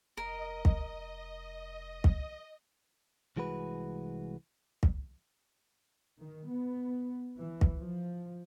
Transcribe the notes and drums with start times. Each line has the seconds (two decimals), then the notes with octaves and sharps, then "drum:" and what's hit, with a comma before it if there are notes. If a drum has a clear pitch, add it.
0.17 F1 A#4 D#5
0.65 drum: kick
2.04 drum: kick
3.37 C2 E3 G#3 F#4 B4
4.83 drum: kick
6.19 D#3
6.49 B3
7.38 E3
7.61 drum: kick
7.79 F3